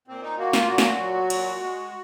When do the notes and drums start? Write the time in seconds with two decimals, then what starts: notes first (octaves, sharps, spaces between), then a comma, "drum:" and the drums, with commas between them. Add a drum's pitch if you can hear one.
0.08 A#2 C4
0.22 D#4
0.38 A#3 F#4
0.53 F4, drum: snare
0.68 A#2 F#4
0.78 drum: snare
0.98 F#3
1.30 A#2, drum: cymbal
1.60 G#3